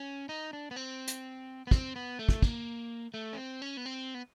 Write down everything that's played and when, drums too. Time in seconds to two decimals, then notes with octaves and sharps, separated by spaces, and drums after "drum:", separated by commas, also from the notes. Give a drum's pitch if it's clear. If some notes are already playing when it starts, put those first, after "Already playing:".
Already playing: C#4
0.29 D#4
0.53 D4
0.71 B3
0.76 C4
1.08 drum: hi-hat
1.67 B3
1.71 C4, drum: kick
1.96 B3
2.19 A3
2.29 drum: kick
2.42 A#3, drum: kick
3.14 A3
3.33 C#4
3.37 C4
3.62 C#4
3.77 B3
3.86 C4
4.14 B3